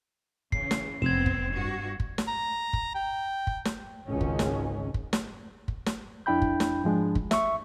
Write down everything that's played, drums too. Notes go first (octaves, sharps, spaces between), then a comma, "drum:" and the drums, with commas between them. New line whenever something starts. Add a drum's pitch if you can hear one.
C#3 E3 C7, drum: kick
drum: snare
F1 F#2 B3 C4 G#6 E7
drum: kick
G2 F#4
drum: kick
drum: snare
A#5
drum: kick
G5
drum: kick
drum: snare
G#1 C#2 D#3 G#3 C#4
drum: kick
drum: snare
drum: kick
drum: snare
drum: kick
drum: snare
F2 D4 E4 G5 B5 G6
drum: kick
drum: snare
G#2 F3 G#3 D4
drum: kick
E5 C#6, drum: snare